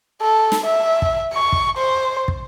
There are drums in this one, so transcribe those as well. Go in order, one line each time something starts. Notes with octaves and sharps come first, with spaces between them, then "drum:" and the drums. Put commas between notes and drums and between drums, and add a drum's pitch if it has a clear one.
A4
drum: snare
E5
drum: kick
C#6
drum: kick
C5
drum: kick